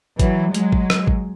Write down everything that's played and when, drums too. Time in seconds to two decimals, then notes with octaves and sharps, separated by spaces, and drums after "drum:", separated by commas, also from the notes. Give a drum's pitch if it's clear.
0.19 E3 F#3, drum: kick G#1, hi-hat
0.54 F#3 G#3, drum: hi-hat
0.72 drum: kick G#1
0.90 drum: rim click
1.07 drum: kick G#1